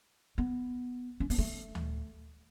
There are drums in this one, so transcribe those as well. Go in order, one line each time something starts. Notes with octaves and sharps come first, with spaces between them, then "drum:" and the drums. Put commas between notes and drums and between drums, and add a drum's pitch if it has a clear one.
B3
C#4
B3, drum: open hi-hat
A3
drum: tom D2